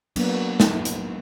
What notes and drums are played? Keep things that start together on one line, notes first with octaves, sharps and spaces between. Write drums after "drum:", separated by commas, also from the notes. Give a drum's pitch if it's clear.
F#3 A#3 B3 D4, drum: cymbal
drum: snare
drum: hi-hat